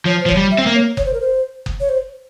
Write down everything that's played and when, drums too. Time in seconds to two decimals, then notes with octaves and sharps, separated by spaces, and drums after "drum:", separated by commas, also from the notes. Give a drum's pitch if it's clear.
0.05 F3 C#5
0.21 C5
0.26 F3
0.29 C#5, drum: kick F#1
0.37 G3
0.51 E5
0.58 C4
0.66 A#3
0.75 C#5
0.97 C#5, drum: kick F#1
1.05 C5
1.13 A#4
1.21 C5
1.66 drum: kick F#1
1.80 C#5
1.89 C5